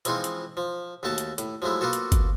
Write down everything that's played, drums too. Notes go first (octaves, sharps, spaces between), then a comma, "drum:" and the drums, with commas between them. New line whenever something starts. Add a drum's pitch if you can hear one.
E3 F3 G#3 C4 D#4 F4, drum: hi-hat
drum: hi-hat
F3
D#2 D#3 A3 F#4 A5
drum: hi-hat
A2, drum: hi-hat
F3 F#3 G#3 A3 E4
A#3 B3 F4 F#4 A4
drum: hi-hat
drum: kick G1, hi-hat